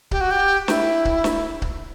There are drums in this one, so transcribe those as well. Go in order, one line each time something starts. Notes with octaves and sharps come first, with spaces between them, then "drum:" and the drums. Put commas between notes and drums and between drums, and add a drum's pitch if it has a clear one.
G4, drum: kick C#1
F#4
G4
E4, drum: snare
drum: kick C#1
drum: snare
drum: kick C#1